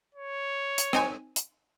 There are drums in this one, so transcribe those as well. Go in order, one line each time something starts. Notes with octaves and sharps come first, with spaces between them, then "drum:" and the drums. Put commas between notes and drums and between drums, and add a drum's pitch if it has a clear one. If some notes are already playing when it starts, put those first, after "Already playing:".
C#5
drum: hi-hat
C4 D#4 G#5, drum: rim click
drum: hi-hat